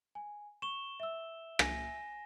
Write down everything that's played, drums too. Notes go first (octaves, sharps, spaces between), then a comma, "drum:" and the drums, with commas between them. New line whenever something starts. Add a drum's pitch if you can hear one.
G#5
C#6 E7 G7
E5 E6
G#5 A#6, drum: rim click